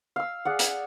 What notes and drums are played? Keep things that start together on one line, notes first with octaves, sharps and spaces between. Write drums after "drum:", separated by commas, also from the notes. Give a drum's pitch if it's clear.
F5 E6
G#4 D5 F#5
drum: hi-hat